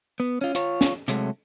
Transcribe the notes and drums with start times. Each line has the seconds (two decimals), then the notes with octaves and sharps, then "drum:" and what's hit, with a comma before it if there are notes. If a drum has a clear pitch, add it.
0.20 B3
0.41 C#4 F4
0.55 F4 C#5, drum: hi-hat
0.81 drum: snare
1.08 C3 F#3 G#3 A3, drum: hi-hat